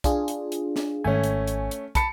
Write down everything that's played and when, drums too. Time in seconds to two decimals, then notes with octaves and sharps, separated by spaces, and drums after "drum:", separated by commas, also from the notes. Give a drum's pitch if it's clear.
0.04 D4 F4 G#4, drum: kick, hi-hat
0.28 drum: hi-hat
0.52 drum: hi-hat
0.76 drum: snare
1.04 G#1 A3 C#4 G#5
1.24 drum: hi-hat
1.47 drum: hi-hat
1.71 drum: hi-hat
1.95 A5 B5 C#7, drum: kick, hi-hat